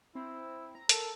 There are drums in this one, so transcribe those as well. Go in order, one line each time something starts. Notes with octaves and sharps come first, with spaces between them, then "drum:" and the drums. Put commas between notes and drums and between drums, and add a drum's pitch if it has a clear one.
C4 E4
A#5
A4 A#4, drum: hi-hat